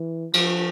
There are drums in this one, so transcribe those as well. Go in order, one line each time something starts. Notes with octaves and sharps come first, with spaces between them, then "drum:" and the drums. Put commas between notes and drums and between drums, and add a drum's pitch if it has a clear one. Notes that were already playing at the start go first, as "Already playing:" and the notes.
Already playing: E3
F3, drum: cymbal